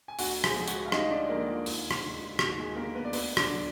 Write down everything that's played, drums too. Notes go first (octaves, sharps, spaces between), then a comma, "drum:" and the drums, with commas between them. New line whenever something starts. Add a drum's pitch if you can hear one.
G#5
D2 F#4 F#5, drum: open hi-hat
G#4 G#5, drum: rim click
D3 F3 G#3
F#4 F#5, drum: hi-hat
F5
D2 D#4 D#5, drum: rim click
D4 D5
D3 F3 G#3 A#3 A#4
F4
D#2, drum: open hi-hat
drum: rim click
D3
G#3
D#2 F#4, drum: rim click
G#3 G#4
D3 G#3 A#3 A#4
B3 B4
D5
D2 B3 B4, drum: open hi-hat
D4 D5, drum: rim click
D3 F#3